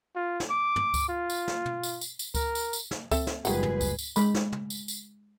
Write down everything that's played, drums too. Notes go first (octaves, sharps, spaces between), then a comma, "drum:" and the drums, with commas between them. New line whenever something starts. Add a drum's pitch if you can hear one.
F4
drum: snare
D6
drum: tom
drum: kick C#2, tambourine
F4
drum: tambourine
drum: snare
drum: tom
drum: tambourine
drum: tambourine
drum: tambourine
A#4, drum: kick C#2, tambourine
drum: tambourine
drum: tambourine
drum: snare
C4 A4 E5, drum: kick C#2, tambourine
drum: snare
F#1 D#3 F3 G3 G#3 G#4 B4 F#5, drum: tambourine
drum: tom
drum: kick C#2, tambourine
drum: tambourine
G#3 B5, drum: tambourine
drum: snare
drum: tom
drum: tambourine
drum: tambourine